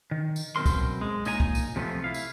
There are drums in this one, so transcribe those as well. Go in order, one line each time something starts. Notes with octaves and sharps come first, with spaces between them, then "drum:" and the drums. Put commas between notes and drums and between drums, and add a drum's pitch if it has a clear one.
D#3
drum: tambourine
F#2 B2 C4 A#4 C6
drum: kick, tambourine
G#3
A#2 D#4 C#5 D#5 G#5 A#5, drum: tambourine
drum: kick
drum: tambourine
C3 F3 G3 A3 B3 F4
E4 F5
drum: tambourine